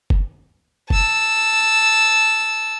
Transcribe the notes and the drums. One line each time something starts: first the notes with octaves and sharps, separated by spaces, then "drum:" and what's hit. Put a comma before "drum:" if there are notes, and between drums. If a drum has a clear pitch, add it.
drum: kick F#1
A5 E6, drum: kick F#1